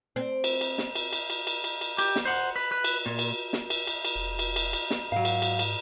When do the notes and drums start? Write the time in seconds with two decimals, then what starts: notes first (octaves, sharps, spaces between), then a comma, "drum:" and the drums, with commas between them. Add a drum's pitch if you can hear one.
0.16 C4
0.44 drum: cymbal
0.61 drum: cymbal
0.78 drum: snare
0.95 drum: cymbal
1.13 drum: cymbal
1.30 drum: cymbal
1.47 drum: cymbal
1.64 drum: cymbal
1.81 drum: cymbal
1.99 G4, drum: cymbal
2.16 drum: snare
2.25 C5 F#5
2.56 B4
2.72 B4
2.84 drum: cymbal
3.06 A#2
3.19 drum: cymbal
3.53 drum: snare
3.70 drum: cymbal
3.87 drum: cymbal
4.05 drum: cymbal
4.16 F1
4.39 drum: cymbal
4.56 drum: cymbal
4.73 drum: cymbal
4.91 drum: snare
5.12 G#2 F#3 F5
5.25 drum: cymbal
5.42 drum: cymbal
5.59 drum: cymbal